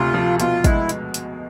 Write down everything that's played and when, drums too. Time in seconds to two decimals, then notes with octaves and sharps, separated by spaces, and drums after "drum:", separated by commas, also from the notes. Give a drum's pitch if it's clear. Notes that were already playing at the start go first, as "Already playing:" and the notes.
Already playing: D2 C3 F4
0.14 F3
0.40 B2 F4, drum: hi-hat
0.64 G#3 E4, drum: kick, hi-hat
0.89 drum: hi-hat
1.14 drum: hi-hat